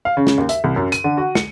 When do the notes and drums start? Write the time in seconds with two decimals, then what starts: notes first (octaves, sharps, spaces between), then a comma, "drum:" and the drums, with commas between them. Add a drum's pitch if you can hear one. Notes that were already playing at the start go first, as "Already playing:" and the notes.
0.05 F5
0.17 C#3
0.27 drum: snare
0.38 D#2
0.49 E5, drum: hi-hat
0.64 C2
0.76 F#2
0.92 D#7, drum: hi-hat
1.04 D3
1.17 F#4
1.35 C#7, drum: snare